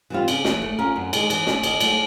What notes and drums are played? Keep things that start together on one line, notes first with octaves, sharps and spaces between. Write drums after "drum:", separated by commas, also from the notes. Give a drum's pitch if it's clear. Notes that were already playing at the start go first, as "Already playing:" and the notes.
E3 G3 C4 F4
C#3, drum: cymbal
E3 A3, drum: snare
A3
C#4 F4 A#4
F#2
D#3 G#3, drum: cymbal
E3, drum: cymbal
A3 C#4, drum: snare
D#3, drum: cymbal
F#3 A3, drum: cymbal